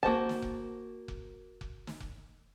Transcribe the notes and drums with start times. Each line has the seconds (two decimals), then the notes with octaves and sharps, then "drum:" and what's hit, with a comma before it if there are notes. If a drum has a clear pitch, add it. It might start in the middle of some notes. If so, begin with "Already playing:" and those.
0.03 A#3 F#4 C5 A5, drum: kick F1
0.29 drum: snare
0.42 drum: kick F1
1.08 drum: kick F1
1.61 drum: kick F1
1.87 drum: snare
2.00 drum: kick F1